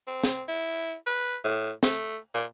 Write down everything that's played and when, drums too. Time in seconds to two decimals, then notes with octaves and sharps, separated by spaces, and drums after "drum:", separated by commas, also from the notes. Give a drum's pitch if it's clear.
0.07 C4
0.24 drum: snare
0.48 E4
1.06 B4
1.44 A2
1.83 A3, drum: snare
2.34 A#2